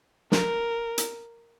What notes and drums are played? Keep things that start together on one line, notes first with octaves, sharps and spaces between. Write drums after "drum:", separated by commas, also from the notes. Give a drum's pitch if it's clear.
A#4, drum: snare
drum: hi-hat